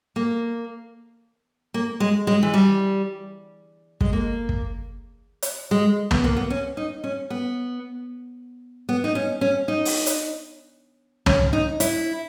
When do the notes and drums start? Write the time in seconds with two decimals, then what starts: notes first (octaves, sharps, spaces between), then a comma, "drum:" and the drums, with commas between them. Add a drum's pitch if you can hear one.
0.16 A#3
1.74 A#3
2.00 G#3
2.27 G#3
2.43 E3
2.54 G3
4.01 G#3, drum: kick
4.13 A#3
4.49 drum: kick
5.42 drum: hi-hat
5.71 G#3
6.11 B3, drum: tom
6.24 A#3
6.36 B3
6.50 C#4
6.77 D#4
7.04 C#4
7.30 B3
8.89 B3
9.04 D#4
9.15 C#4
9.41 C#4
9.68 D#4
9.85 drum: open hi-hat
10.06 drum: hi-hat
11.26 C#4, drum: tom
11.53 D#4
11.80 E4, drum: hi-hat